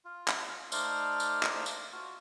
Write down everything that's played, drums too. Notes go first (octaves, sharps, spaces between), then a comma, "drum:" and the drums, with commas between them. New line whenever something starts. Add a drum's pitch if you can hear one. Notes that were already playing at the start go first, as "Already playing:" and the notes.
F4
drum: clap
A3 D#4 C5 D5 F5 F6, drum: tambourine
drum: tambourine
drum: clap
drum: tambourine
F4 F#4